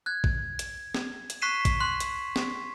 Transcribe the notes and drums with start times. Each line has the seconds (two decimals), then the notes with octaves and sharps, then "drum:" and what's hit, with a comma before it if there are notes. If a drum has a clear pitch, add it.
0.06 F#6 G#6
0.24 drum: kick A#1
0.59 drum: hi-hat
0.94 drum: snare
1.30 drum: hi-hat
1.42 C#6 F#6 B6 C7 D#7 E7
1.65 drum: kick A#1, hi-hat
1.80 C6 F#6
2.00 drum: hi-hat
2.36 drum: snare